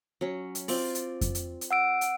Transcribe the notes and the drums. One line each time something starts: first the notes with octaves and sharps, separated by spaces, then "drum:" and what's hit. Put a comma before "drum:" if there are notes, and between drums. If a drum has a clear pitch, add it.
F#3 C#4
drum: hi-hat
C4 F4 D5, drum: open hi-hat
drum: hi-hat
drum: kick F2, hi-hat
drum: hi-hat
drum: hi-hat
F#5 E6 D7
drum: hi-hat